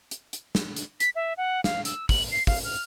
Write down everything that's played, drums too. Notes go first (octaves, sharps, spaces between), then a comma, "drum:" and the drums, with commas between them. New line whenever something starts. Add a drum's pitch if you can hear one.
drum: hi-hat
drum: hi-hat
drum: snare
drum: hi-hat
B6, drum: hi-hat
E5
F#5
F5, drum: snare
E6, drum: hi-hat
F#7, drum: kick, open hi-hat
C7
F5, drum: kick, open hi-hat
F6